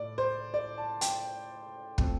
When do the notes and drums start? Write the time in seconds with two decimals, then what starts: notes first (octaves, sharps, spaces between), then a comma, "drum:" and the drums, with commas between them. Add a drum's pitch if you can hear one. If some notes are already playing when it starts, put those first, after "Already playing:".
Already playing: A2 A3 D5
0.18 C5
0.54 D5
0.78 A5
1.01 G5, drum: hi-hat
1.98 F3 A3 C4 F4, drum: kick